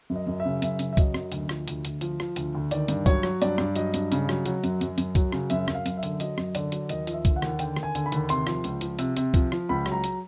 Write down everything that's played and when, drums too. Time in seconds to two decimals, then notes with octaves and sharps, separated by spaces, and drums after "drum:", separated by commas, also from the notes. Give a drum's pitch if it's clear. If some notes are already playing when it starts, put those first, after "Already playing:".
0.10 F#2
0.16 D#5
0.27 F#2
0.40 E5
0.45 C#3
0.62 F#2 E5, drum: hi-hat
0.79 C#3, drum: hi-hat
0.93 E5
0.97 F#3 D#5, drum: kick C2, hi-hat
1.14 F#2, drum: rim click
1.32 D2, drum: hi-hat
1.49 F3, drum: rim click
1.68 D2, drum: hi-hat
1.85 D2, drum: hi-hat
2.01 F3, drum: hi-hat
2.20 F3, drum: rim click
2.36 D2, drum: hi-hat
2.55 D2
2.71 D#3 D5, drum: hi-hat
2.88 G2, drum: hi-hat
3.06 F#3 C#5, drum: kick C2, hi-hat
3.23 F#3, drum: rim click
3.42 G2 D5, drum: hi-hat
3.58 G2, drum: rim click
3.76 F#3 D#5, drum: hi-hat
3.94 G2, drum: hi-hat
4.12 C#3, drum: hi-hat
4.29 F#3, drum: rim click
4.46 F#3, drum: hi-hat
4.64 F#2, drum: hi-hat
4.81 F#2, drum: hi-hat
4.98 F#2, drum: hi-hat
5.15 F#3, drum: kick C2, hi-hat
5.32 C#3, drum: rim click
5.50 F#2 E5, drum: hi-hat
5.68 F#2, drum: rim click
5.74 F5
5.86 F#2, drum: hi-hat
5.97 E5
6.03 D3, drum: hi-hat
6.20 F#3 D#5, drum: hi-hat
6.38 F#2, drum: rim click
6.55 D3 D5, drum: hi-hat
6.72 F#3, drum: hi-hat
6.89 D#2 D#5, drum: hi-hat
7.07 F3, drum: hi-hat
7.13 E5
7.25 D3, drum: kick C2, hi-hat
7.36 F#5
7.42 D#2, drum: rim click
7.59 D3 G5, drum: hi-hat
7.77 D#2, drum: rim click
7.83 G#5
7.95 D3, drum: hi-hat
8.06 B5
8.12 D#2, drum: hi-hat
8.29 C3 C6, drum: hi-hat
8.47 F3, drum: rim click
8.64 C#2, drum: hi-hat
8.81 F3, drum: hi-hat
8.99 C3, drum: hi-hat
9.17 C3, drum: hi-hat
9.34 F3, drum: kick C2, hi-hat
9.52 F3, drum: rim click
9.69 C#2 B5
9.86 F#3, drum: rim click
9.92 A#5
10.04 drum: hi-hat